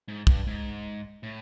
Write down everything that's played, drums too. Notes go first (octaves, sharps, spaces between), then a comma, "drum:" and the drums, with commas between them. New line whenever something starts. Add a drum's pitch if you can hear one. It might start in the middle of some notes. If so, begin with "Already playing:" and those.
G#2
G2, drum: kick
G#2
A2